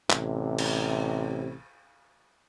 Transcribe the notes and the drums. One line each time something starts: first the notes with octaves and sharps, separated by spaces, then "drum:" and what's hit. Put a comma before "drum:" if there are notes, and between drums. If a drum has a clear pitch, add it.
A1 C3, drum: clap
drum: cymbal